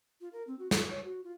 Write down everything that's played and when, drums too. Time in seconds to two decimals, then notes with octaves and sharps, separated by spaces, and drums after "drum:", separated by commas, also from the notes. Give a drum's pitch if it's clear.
0.21 F4
0.32 A#4
0.47 C4
0.59 F#4
0.71 F4, drum: snare
0.89 C#5
1.04 F#4
1.24 F4